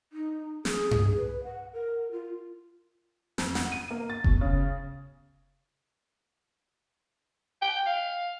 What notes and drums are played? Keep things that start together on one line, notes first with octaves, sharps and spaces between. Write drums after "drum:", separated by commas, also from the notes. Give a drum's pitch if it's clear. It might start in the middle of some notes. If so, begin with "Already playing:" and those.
D#4
G#4, drum: snare
G#4, drum: tom G2
B4
F#5
A#4
F4
F2, drum: snare
F#5, drum: snare
D#7
A#3
A6
B2, drum: kick F1
C#3
G5
F5